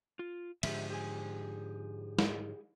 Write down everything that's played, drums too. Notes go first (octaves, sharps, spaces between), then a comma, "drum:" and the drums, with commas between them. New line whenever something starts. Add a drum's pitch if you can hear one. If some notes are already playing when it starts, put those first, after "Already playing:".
F4
G#2 D3 F3 G4 G#4 E5, drum: cymbal
G4 G#4 G#5
drum: snare